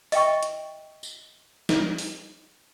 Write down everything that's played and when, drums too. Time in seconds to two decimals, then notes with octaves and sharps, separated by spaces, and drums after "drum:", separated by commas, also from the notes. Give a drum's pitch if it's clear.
0.12 D#5 E5 G5 C#6, drum: open hi-hat
0.43 drum: hi-hat
1.03 drum: tambourine
1.69 drum: snare
1.98 drum: open hi-hat